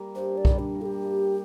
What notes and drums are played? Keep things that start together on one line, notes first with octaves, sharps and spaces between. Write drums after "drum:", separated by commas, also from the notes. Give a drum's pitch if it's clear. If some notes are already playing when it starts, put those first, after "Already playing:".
Already playing: G3 A#3
G2 C5
D5
G3, drum: kick
D4
A#3
A4
G4
G2